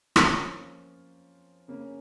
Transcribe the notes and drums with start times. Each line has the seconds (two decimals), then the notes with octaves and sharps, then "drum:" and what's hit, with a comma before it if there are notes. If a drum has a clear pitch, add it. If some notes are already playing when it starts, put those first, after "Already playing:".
0.16 F3 A#3 C#4 F4, drum: rim click
1.68 C#3 A#3 C#4